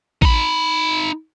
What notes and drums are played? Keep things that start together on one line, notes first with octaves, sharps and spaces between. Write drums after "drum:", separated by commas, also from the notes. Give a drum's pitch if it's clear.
D#4 B5, drum: kick